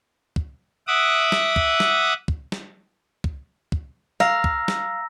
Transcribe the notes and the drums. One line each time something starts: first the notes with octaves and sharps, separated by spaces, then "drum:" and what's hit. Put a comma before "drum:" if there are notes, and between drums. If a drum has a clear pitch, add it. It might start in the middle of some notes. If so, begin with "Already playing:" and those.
drum: kick
E5 F#5 D6 D#6
drum: snare
drum: kick
drum: snare
drum: kick
drum: snare
drum: kick
drum: kick
F5 A#5 E6 A#6, drum: snare
drum: kick
drum: snare